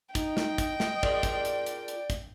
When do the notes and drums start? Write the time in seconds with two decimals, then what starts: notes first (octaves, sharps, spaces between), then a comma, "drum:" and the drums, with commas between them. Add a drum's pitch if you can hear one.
0.15 D#4 D#5 G5, drum: kick, hi-hat
0.37 drum: snare
0.58 drum: kick, hi-hat
0.80 drum: snare
1.03 F4 G#4 A#4 D5, drum: kick
1.23 drum: kick, hi-hat
1.45 drum: hi-hat
1.66 drum: hi-hat
1.88 drum: hi-hat
2.10 drum: kick, hi-hat